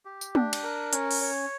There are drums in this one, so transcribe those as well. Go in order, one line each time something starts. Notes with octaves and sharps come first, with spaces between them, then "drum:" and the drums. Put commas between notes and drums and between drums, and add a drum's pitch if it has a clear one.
G4
drum: tambourine
D4, drum: tom
drum: cymbal
A#4
C#4, drum: hi-hat
drum: open hi-hat
C#5